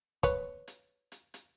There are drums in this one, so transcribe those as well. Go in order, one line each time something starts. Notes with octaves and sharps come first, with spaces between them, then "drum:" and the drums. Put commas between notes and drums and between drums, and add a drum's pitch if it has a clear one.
B4 C#5, drum: kick, hi-hat
drum: hi-hat
drum: hi-hat
drum: hi-hat